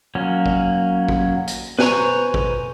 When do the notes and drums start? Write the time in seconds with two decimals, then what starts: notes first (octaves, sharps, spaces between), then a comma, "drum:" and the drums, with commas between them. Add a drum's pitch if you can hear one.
0.15 F#3 A#3 C#4
0.46 drum: kick
1.09 drum: kick
1.47 drum: hi-hat
1.79 B4 C5 G#5 A#5 C#6, drum: snare
2.34 drum: kick